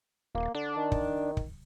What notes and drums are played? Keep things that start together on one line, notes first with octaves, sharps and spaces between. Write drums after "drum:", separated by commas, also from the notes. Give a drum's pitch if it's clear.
D#1 A#3
D3 D4
D#3
drum: kick
drum: kick